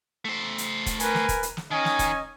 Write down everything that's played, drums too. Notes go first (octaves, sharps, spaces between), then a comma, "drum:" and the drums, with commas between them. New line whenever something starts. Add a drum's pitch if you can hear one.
A3 C5
drum: hi-hat
drum: kick, hi-hat
A#4 B4 G#5, drum: hi-hat
drum: snare
drum: kick, hi-hat
drum: hi-hat
drum: snare
D#3 C#4 D#5 G#5
drum: snare
drum: kick, hi-hat